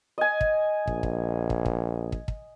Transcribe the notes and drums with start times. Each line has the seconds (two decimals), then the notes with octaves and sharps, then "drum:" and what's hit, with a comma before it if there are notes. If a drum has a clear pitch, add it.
0.18 D#5 G#5
0.41 drum: kick
0.87 A#1, drum: kick
1.03 drum: kick
1.50 drum: kick
1.66 drum: kick
2.12 drum: kick
2.28 drum: kick